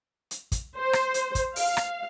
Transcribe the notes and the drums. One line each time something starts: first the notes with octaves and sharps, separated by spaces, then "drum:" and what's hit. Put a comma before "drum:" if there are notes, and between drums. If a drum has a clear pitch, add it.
drum: hi-hat
drum: kick, hi-hat
C5
drum: rim click
drum: hi-hat
drum: kick, hi-hat
F5, drum: open hi-hat
drum: rim click